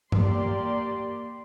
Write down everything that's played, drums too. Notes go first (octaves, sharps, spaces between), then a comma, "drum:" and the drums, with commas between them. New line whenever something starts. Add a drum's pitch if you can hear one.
A#3 G4 D5 C6, drum: tom G2